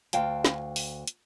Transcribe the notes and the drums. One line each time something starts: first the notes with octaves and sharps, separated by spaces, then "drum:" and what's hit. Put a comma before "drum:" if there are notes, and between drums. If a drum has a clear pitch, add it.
D2 F5 G5 A5, drum: hi-hat
drum: snare
drum: open hi-hat
drum: hi-hat